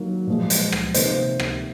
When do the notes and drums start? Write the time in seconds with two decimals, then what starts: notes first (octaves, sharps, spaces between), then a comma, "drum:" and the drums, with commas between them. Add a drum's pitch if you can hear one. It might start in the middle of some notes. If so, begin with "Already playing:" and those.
Already playing: D#3 F#3 A#3
0.27 A#2 F3 G#3
0.50 drum: hi-hat
0.72 drum: rim click
0.94 C3 D#3 A#3 C5, drum: hi-hat
1.40 drum: rim click